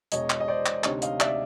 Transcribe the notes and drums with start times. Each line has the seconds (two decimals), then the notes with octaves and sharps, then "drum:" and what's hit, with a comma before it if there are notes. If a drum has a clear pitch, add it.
0.12 E1 E2 B2 C#5 D#5, drum: hi-hat
0.30 drum: clap
0.40 D#5
0.48 C5 D5
0.66 drum: clap
0.84 D2 C3 D#3 C#5 D#5, drum: clap
1.02 D#5 F5, drum: hi-hat
1.20 D5 E5, drum: clap